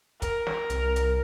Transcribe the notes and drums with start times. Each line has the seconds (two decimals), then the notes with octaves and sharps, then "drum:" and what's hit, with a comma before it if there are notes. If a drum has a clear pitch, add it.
0.22 A#4, drum: kick, hi-hat
0.47 drum: snare
0.70 C2, drum: hi-hat
0.96 drum: hi-hat